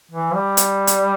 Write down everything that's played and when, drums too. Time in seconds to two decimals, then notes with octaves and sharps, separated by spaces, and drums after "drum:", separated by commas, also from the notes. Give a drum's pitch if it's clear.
0.11 E3
0.34 G3
0.57 drum: hi-hat
0.87 drum: hi-hat